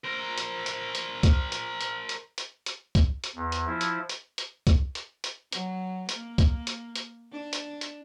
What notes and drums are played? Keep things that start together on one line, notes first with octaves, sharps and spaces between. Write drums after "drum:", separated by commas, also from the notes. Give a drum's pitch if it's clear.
A#4 C5
drum: hi-hat
drum: hi-hat
drum: hi-hat
drum: kick, hi-hat
drum: hi-hat
drum: hi-hat
drum: hi-hat
drum: hi-hat
drum: hi-hat
drum: kick, hi-hat
drum: hi-hat
E2
drum: hi-hat
F3 E4
drum: hi-hat
drum: hi-hat
drum: hi-hat
drum: kick, hi-hat
drum: hi-hat
drum: hi-hat
F#3, drum: hi-hat
A#3, drum: hi-hat
drum: kick, hi-hat
drum: hi-hat
drum: hi-hat
D4
drum: hi-hat
drum: hi-hat